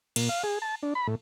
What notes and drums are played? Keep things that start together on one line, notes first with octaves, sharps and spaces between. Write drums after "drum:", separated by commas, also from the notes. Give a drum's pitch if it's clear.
A#2, drum: cymbal
F5
G#4
A5
D4
B5
A2